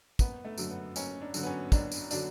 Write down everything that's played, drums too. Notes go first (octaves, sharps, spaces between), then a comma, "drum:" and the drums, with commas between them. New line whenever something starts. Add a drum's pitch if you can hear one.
F#1 B3, drum: kick, tambourine
A3
F#2 D3 F#3, drum: tambourine
B3
F#1 C#4, drum: tambourine
D4
F#2 D3 F#3, drum: tambourine
B3
C#4
F#1 D4, drum: kick, tambourine
drum: tambourine
D3 F#3 D4, drum: tambourine